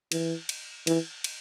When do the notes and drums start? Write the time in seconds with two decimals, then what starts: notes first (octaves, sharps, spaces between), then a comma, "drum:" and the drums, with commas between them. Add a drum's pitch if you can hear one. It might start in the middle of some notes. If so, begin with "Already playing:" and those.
0.12 E3, drum: cymbal
0.49 drum: cymbal
0.87 E3, drum: cymbal
1.24 drum: cymbal